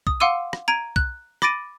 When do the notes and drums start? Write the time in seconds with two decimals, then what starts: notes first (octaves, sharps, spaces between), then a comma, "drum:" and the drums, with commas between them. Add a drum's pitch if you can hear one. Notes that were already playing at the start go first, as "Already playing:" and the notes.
0.07 D#6, drum: kick B1
0.20 F5 F#5 C6 D6 E6 D#7
0.53 drum: rim click
0.68 A#5 G#6 D7 D#7
0.96 F#6, drum: kick B1
1.42 B5 D6 A6 A#6 D7 D#7, drum: rim click